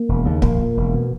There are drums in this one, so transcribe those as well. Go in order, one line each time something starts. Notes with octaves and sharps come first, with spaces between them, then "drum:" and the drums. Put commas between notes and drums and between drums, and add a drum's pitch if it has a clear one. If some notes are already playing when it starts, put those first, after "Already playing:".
Already playing: A#3
E1
D#2 C#3
A#1 A#3, drum: kick
A#2
E1
B2